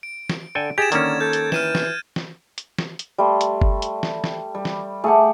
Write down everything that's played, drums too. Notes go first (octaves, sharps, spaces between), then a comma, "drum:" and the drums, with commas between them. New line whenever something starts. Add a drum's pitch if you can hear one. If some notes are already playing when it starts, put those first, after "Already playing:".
D7
drum: snare
D3 A4 G5 G#5
G4 G#4 G#6 A6 E7
D3 D#3 A#3 C#4, drum: hi-hat
A4 G6
drum: hi-hat
E3 F6 D#7 E7, drum: snare
drum: snare
drum: snare
drum: hi-hat
drum: snare
drum: hi-hat
G3 A3 C6
drum: hi-hat
drum: kick F#1
drum: hi-hat
drum: snare
drum: snare
G3
drum: snare
A3 G4 G#4 F#5